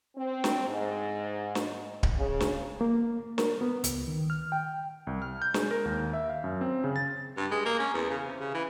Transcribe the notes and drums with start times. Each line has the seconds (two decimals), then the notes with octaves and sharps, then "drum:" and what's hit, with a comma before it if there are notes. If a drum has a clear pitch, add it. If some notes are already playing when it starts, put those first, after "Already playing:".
0.16 C4
0.44 drum: snare
0.67 G#2
1.55 drum: snare
2.03 drum: kick D1
2.17 C#3
2.40 drum: snare
2.81 A#3
3.38 A#4, drum: snare
3.61 B3
3.84 C#2, drum: hi-hat
4.07 D#3
4.30 F6
4.52 G5
5.07 C2
5.22 F6
5.42 G6
5.54 G#3, drum: snare
5.71 A#4
5.85 D#2
6.13 E5
6.29 F5
6.44 F#2
6.61 C4
6.84 C#3
6.96 A6
7.37 G2
7.51 G#3
7.65 A#3
7.80 C#4
7.94 E2
8.10 C#3
8.25 C3
8.40 C#3
8.54 E3